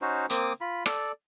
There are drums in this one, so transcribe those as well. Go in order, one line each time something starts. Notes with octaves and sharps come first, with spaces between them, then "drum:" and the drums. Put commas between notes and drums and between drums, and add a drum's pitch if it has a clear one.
C#4 D#4 F#4 C5
A#3 C4 D6 D#6, drum: hi-hat
F4 B5
A4 D5, drum: rim click